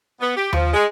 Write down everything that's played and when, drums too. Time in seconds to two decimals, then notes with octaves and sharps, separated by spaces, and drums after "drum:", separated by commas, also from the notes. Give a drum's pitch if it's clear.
0.20 B3
0.36 G4
0.53 F3, drum: tom D#2
0.73 G#3